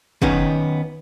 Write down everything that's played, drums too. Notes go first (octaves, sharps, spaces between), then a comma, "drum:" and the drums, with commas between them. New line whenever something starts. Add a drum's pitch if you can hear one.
D#3 B3 C#4 D#4, drum: kick